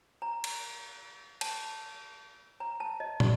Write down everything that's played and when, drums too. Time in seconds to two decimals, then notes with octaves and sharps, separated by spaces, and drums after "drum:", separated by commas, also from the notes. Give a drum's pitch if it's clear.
0.22 A#5
0.44 drum: cymbal
1.41 A5, drum: cymbal
2.60 A#5
2.80 A5
3.00 D#5
3.20 D5, drum: tom